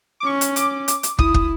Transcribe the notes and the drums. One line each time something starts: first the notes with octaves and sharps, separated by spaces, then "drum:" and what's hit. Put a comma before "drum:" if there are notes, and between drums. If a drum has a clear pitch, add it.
D6
C#4 C#6
drum: hi-hat
D6, drum: hi-hat
drum: hi-hat
drum: hi-hat
E4 D#6, drum: kick
drum: kick